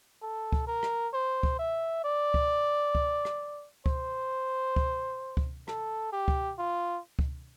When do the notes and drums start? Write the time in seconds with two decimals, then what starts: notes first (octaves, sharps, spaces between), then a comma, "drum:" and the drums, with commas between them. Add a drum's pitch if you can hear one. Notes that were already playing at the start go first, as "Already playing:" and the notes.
0.22 A4
0.52 drum: kick C#2
0.67 A#4
0.83 drum: rim click
1.13 C5
1.43 drum: kick C#2
1.59 E5
2.04 D5
2.34 drum: kick C#2
2.95 drum: kick C#2
3.25 drum: rim click
3.86 C5, drum: kick C#2
4.76 drum: kick C#2
5.37 drum: kick C#2
5.68 A4, drum: rim click
6.12 G4
6.28 drum: kick C#2
6.58 F4
7.19 drum: kick C#2